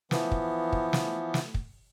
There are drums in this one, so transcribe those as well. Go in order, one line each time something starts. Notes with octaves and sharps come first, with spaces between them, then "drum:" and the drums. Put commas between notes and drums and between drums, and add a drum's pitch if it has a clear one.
E3 F3 B3, drum: snare
drum: kick
drum: kick
drum: snare
drum: snare
drum: kick